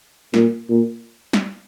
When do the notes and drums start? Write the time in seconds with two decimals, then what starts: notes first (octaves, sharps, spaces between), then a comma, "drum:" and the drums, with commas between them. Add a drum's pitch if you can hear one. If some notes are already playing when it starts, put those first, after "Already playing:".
0.34 A#2, drum: snare
0.70 A#2
1.33 drum: snare